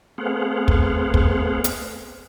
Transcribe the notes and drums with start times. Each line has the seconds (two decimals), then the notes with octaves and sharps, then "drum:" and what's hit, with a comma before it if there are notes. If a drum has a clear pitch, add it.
0.18 A3 B3 C4 G#4 F5 F#5
0.68 drum: kick
1.14 drum: kick
1.64 drum: hi-hat